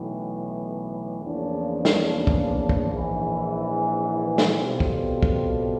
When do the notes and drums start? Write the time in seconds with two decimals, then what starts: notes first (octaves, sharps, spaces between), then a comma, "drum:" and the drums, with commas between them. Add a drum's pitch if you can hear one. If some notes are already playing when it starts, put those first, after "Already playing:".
Already playing: B1 A2 E3
1.22 E2 C#3 F3 A#3 D4
1.85 drum: snare
2.27 drum: kick
2.69 drum: kick
2.91 A#1 G#2 E3
4.38 drum: snare
4.59 B2 G3 C4 F4 A4
4.80 drum: kick
5.23 drum: kick